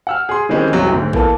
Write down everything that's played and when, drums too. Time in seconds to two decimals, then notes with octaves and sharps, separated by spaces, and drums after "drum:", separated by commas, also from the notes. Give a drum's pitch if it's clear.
0.07 F#5 E6 F6
0.29 G#4 C6
0.49 D#3 E3 G3 G#3 C4 C#4
0.73 F#1 C2 C3 F#3
0.91 D2 G#2
1.13 E3 A#3 B3 A4, drum: kick